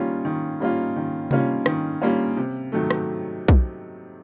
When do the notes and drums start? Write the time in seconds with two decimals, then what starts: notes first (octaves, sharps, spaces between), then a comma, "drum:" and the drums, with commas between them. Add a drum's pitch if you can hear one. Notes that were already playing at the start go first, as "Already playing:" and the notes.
Already playing: D#3 G3 A#3 C#4 F4
0.25 D#3
0.60 G3 A#3 C#4 F4
0.96 D#3
1.31 G3 A#3 C#4 F4, drum: tom C3
1.66 D#3, drum: rim click
2.01 G3 A#3 C#4 F4
2.37 C3
2.72 D#3 F#3 A3
2.90 drum: rim click
3.48 drum: kick B1